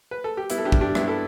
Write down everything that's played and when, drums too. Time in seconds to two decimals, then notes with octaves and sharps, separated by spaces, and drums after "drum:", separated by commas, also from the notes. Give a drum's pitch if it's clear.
0.11 B4
0.24 A4
0.37 G4
0.50 G3 B3 E4, drum: hi-hat
0.58 A4
0.65 D4 G4
0.72 G3, drum: kick
0.81 D4 G4
0.95 G2 B3 E4, drum: rim click
1.07 E4 A4